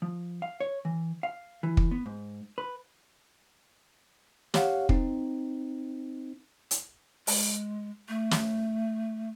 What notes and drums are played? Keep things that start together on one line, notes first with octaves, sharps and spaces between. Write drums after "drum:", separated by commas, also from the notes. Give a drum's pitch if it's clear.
F3
F5
C#5
E3
F5
E3
drum: kick
B3
G#2
B4
G4 C#5 F5 F#5, drum: snare
C4 D#4, drum: kick
drum: hi-hat
G#3, drum: open hi-hat
A3
drum: snare